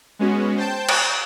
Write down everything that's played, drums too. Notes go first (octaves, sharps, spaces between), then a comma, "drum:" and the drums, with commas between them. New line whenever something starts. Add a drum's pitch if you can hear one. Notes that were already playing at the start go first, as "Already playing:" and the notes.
G#3 B3 C#4 F#4
C5 G5 A5 G6
drum: cymbal